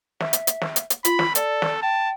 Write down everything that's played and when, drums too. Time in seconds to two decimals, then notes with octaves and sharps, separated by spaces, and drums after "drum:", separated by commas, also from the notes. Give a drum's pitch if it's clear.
0.20 E5, drum: snare
0.33 drum: hi-hat
0.47 drum: hi-hat
0.61 drum: snare
0.76 drum: hi-hat
0.90 drum: hi-hat
1.05 F4 B5, drum: hi-hat
1.19 drum: snare
1.35 A4 D5, drum: hi-hat
1.62 drum: snare
1.82 G5 A5